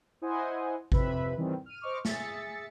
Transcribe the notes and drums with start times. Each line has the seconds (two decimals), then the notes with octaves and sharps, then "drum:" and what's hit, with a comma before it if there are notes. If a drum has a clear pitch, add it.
0.22 E4 C5 D#5 F#5 G#5
0.92 F2 C3 B4 E5 B5, drum: kick G#1
1.36 D#3 E3 G3 C4
1.66 F6 D#7
1.81 C5 D#5 C#6 D6 F6
2.05 G#4 E5 A6 B6 C#7, drum: snare